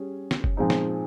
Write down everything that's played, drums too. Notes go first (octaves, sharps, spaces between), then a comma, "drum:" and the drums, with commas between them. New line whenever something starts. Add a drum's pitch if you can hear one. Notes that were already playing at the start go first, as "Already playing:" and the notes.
Already playing: G3 C#4 G#4
drum: snare
drum: kick F#1
A#2 F3 G#3 C4 D#4
drum: snare